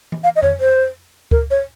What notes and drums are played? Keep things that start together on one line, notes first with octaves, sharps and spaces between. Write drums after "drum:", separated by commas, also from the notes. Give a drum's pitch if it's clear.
drum: tom E3
F5
D#5
C#5, drum: tom F2
C5
A#4, drum: kick C#2
C#5